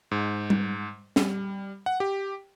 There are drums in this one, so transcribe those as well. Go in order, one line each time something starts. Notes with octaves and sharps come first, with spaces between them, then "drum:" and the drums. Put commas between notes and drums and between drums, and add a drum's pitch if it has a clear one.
G#2
drum: tom G3
G3, drum: snare
F#5
G4